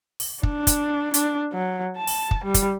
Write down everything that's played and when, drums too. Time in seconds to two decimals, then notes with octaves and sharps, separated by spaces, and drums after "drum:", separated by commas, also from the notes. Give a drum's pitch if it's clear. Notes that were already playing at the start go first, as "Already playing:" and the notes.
0.20 drum: open hi-hat
0.43 D4, drum: kick
0.67 drum: kick, hi-hat
1.14 D4, drum: hi-hat
1.53 F#3
1.97 A5
2.07 drum: open hi-hat
2.31 drum: kick
2.45 G3
2.54 drum: kick, hi-hat